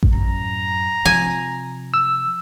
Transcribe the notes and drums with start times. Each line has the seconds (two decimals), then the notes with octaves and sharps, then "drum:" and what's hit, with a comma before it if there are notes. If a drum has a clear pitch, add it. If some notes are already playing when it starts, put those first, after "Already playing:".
0.03 drum: kick A1
0.13 F#2 A2 A#5
1.05 C3 F3 G#5
1.94 E6